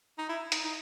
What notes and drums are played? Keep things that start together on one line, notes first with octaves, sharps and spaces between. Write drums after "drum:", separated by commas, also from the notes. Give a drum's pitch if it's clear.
D#4
E4
D#4, drum: hi-hat
D#4